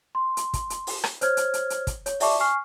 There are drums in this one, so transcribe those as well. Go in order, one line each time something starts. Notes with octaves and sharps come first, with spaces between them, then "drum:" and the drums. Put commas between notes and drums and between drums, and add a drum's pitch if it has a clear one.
C6
drum: hi-hat
drum: kick, hi-hat
drum: hi-hat
drum: open hi-hat
drum: rim click
C5 C#5 F6 G#6, drum: hi-hat
drum: hi-hat
drum: hi-hat
drum: hi-hat
drum: kick, hi-hat
C#5, drum: hi-hat
D5 E5 A5 C#6 D6, drum: open hi-hat
G#5 C#6 F6 C7